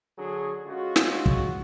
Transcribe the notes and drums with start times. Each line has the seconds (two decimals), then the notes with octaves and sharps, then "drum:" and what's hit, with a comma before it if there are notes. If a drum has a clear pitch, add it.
0.18 D3 F#3 G#4
0.66 C#3 G#3 F4 F#4
0.96 drum: snare
1.26 drum: kick